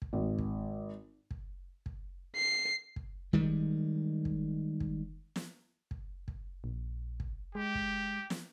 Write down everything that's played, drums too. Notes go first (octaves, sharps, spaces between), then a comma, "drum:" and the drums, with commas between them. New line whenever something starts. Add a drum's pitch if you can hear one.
drum: kick
G#1
drum: kick
drum: kick
drum: kick
C7
drum: kick
D#3 G3 G#3, drum: kick
drum: kick
drum: kick
drum: snare
drum: kick
drum: kick
A#1
drum: kick
G#3 G4
drum: kick
drum: snare